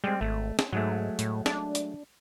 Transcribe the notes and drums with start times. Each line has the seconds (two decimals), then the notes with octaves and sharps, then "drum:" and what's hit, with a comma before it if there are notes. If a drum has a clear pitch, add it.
0.04 G3 G#3 C4
0.21 G#1 A3
0.59 drum: snare
0.73 G#2 F#3 G#3 A3
1.19 A2, drum: hi-hat
1.46 D4, drum: snare
1.75 drum: hi-hat